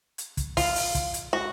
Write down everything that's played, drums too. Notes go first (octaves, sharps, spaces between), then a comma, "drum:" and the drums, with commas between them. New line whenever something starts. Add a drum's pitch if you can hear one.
drum: hi-hat
drum: kick, hi-hat
F4, drum: kick, open hi-hat
drum: open hi-hat
drum: kick, hi-hat
drum: hi-hat
F#4